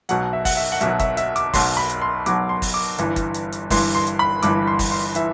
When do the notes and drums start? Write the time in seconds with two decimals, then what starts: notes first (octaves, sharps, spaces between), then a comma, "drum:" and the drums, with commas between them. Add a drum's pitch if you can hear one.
0.09 B1 B2 F#3 F#5, drum: hi-hat
0.33 E5
0.45 F#5, drum: kick, open hi-hat
0.57 E5
0.72 F#5
0.81 B1 B2 F#3 E5, drum: hi-hat
0.99 E5, drum: kick, hi-hat
1.17 E5, drum: hi-hat
1.36 D6, drum: hi-hat
1.53 B1 B2 F#3 C6, drum: kick, open hi-hat
1.77 B5
1.90 drum: hi-hat
2.01 C6
2.26 B1 B2 F#3 D6, drum: hi-hat
2.49 C6
2.62 drum: kick, open hi-hat
2.74 D6
2.98 G1 G2 E3, drum: hi-hat
3.16 drum: kick, hi-hat
3.34 drum: hi-hat
3.52 drum: hi-hat
3.70 G1 G2 E3 C6, drum: kick, open hi-hat
3.95 C6
4.07 drum: hi-hat
4.19 B5
4.42 G1 G2 E3 D6, drum: hi-hat
4.67 C6
4.79 drum: kick, open hi-hat
4.91 C6
5.15 E3 E5, drum: hi-hat